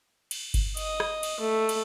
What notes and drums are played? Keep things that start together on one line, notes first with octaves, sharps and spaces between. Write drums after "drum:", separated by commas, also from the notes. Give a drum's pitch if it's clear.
drum: cymbal
drum: kick G1, cymbal
D#5, drum: cymbal
drum: rim click
drum: cymbal
A3
drum: cymbal